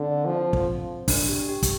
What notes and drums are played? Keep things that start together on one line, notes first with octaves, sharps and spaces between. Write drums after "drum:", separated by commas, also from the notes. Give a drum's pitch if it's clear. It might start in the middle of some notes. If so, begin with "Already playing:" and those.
Already playing: D3 C4
F3
drum: kick
D4, drum: kick, open hi-hat
G4
G4
drum: kick, hi-hat